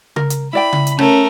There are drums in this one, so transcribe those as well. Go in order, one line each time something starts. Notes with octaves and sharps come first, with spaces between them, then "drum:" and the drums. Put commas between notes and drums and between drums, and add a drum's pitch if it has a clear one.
A#4, drum: tom C#3
drum: hi-hat
E4 D5 G5 B5
drum: tom C#3
drum: hi-hat
A3 C#4 A#4, drum: rim click